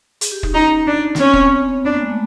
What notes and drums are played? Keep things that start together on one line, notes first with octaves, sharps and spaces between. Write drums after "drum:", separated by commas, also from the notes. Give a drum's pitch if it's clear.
G#4, drum: hi-hat
G4
D#4, drum: kick
C#4 D#4
D4
B3, drum: snare
C4 C#4
drum: kick
B3 D4
A#3
G#3
A3